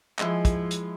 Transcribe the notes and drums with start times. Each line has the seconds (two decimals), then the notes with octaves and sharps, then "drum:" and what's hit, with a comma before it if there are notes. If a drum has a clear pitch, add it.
0.19 F3 G#3 E4, drum: clap
0.45 drum: kick, hi-hat
0.71 drum: hi-hat